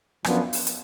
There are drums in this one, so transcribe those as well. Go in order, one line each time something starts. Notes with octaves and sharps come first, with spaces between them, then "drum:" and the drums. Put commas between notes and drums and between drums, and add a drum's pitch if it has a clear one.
F#2 F3 B3 D4 F4, drum: rim click
drum: open hi-hat
drum: hi-hat